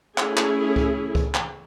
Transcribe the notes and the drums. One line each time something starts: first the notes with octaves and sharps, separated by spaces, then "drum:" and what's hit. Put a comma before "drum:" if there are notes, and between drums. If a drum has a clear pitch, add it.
A3 C#4 E4 G#4, drum: clap
drum: clap
drum: kick C#2
drum: kick C#2
drum: clap